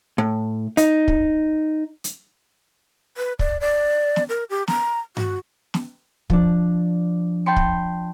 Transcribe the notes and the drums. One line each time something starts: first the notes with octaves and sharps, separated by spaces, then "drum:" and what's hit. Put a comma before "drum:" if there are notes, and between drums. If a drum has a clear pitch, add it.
A2
D#4, drum: hi-hat
drum: kick
drum: hi-hat
B4
D5, drum: kick
D5
drum: snare
A#4
G4
A#5, drum: snare
F#4, drum: tom G2
drum: snare
F3 D4, drum: kick
G5 A5 B5 C6 C#7
drum: kick